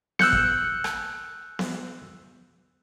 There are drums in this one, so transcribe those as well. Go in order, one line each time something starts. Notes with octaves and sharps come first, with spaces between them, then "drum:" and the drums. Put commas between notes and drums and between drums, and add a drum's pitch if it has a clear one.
E6 F#6 G6 C#7, drum: snare B3
drum: kick
drum: rim click
drum: snare B3